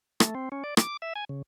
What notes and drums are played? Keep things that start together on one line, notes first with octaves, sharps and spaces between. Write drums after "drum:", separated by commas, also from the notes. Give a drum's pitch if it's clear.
A3, drum: rim click
C4
C#4
D5
D6, drum: rim click
E5
G#5
C#3